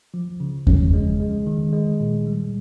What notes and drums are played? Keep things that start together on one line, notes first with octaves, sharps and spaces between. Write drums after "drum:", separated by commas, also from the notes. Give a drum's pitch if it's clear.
F3
C#3
C#4, drum: kick E2
G#3
G#3
D#3
G#3
A#2
G3